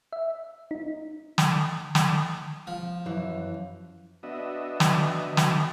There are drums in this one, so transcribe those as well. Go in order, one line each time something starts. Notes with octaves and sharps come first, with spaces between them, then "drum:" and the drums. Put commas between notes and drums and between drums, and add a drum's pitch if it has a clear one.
E5
D#4
drum: snare
drum: snare
F3
F#2 E3
B3 D4 F#4 D#5 E5
drum: snare
drum: snare